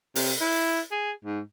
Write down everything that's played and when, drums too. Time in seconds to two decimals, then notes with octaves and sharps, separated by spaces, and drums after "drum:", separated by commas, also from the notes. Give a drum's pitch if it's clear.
0.15 C3, drum: open hi-hat
0.41 E4
0.91 G#4
1.25 G#2